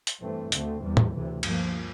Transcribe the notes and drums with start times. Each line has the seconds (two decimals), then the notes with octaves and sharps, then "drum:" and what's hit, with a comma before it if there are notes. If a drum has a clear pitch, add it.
0.07 drum: hi-hat
0.20 G2 E3 A3 C4
0.52 D2 D3 A3 C4, drum: hi-hat
0.82 E2 E3 G3
0.97 drum: tom
1.13 D2 C3 E3
1.43 G2 F3 A#3, drum: cymbal